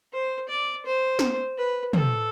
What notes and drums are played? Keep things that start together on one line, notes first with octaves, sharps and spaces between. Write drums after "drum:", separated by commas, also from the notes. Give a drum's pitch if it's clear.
C5
D5
C5
drum: snare
B4
A4, drum: tom